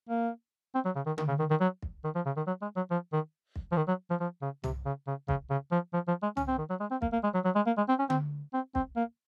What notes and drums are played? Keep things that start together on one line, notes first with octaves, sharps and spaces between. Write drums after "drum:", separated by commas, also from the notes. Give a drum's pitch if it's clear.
A#3
C4
F#3
C#3
D#3
D#3, drum: tom D3
C#3
D#3
D#3
F#3
drum: kick
D#3
F3
C#3
D#3
F#3
G#3
F#3
F3
D#3
drum: kick
F3
D#3
F#3
F3
F3
C#3
C3, drum: tom
C#3
C#3
C#3, drum: kick
C#3
F3
F3
F3
G#3
C#4, drum: tom
C4
D#3
F#3
G#3
C4
A#3, drum: kick
A#3
G#3
F#3
F#3
G#3
A#3
G#3
C4
C#4
C4, drum: tom D3
C4
C4, drum: kick
A#3